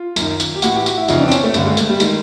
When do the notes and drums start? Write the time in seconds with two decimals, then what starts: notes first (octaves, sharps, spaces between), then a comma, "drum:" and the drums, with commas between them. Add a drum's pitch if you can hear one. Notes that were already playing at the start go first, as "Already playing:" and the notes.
Already playing: F4
0.16 F#2 D#3, drum: tambourine
0.40 drum: tambourine
0.55 G4
0.62 A2 E3 F#4, drum: tambourine
0.74 G4
0.86 F#4, drum: tambourine
0.97 E4
1.08 F2 C#3 E3 D#4, drum: tambourine
1.20 D4
1.28 C4
1.31 C#4, drum: tambourine
1.44 A3
1.54 G2 D3, drum: tambourine
1.65 G#3
1.77 A3, drum: tambourine
1.89 G3
2.00 D#3 G#3, drum: tambourine